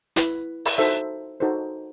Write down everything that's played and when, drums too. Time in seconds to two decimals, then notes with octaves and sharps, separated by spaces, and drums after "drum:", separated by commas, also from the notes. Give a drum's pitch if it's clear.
0.16 E4 B4, drum: hi-hat
0.65 drum: open hi-hat
0.78 D#4 F#4 A4 C5 E5
1.40 D#4 F#4 A4 C5